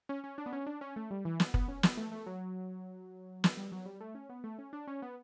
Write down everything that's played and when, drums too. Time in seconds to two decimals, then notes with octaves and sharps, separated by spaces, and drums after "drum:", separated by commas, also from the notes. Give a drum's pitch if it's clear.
0.09 C#4
0.24 C#4
0.38 D4
0.46 B3
0.53 C#4
0.67 D4
0.81 C#4
0.96 A3
1.11 G3
1.25 E3
1.40 B3, drum: snare
1.54 B3, drum: kick
1.68 C#4
1.83 B3, drum: snare
1.97 A3
2.12 A3
2.26 F#3
3.44 drum: snare
3.57 G3
3.72 F#3
3.85 G3
4.00 A3
4.15 C#4
4.29 B3
4.44 A3
4.59 C#4
4.73 D4
4.87 C#4
5.02 B3